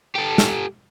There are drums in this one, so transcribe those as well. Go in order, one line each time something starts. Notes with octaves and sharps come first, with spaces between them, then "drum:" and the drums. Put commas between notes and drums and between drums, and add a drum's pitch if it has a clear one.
G4 A4
drum: snare